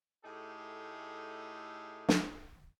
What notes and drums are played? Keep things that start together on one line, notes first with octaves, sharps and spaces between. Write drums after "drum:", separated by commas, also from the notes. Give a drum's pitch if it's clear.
A2 A3 D#4 G4 G#4
drum: snare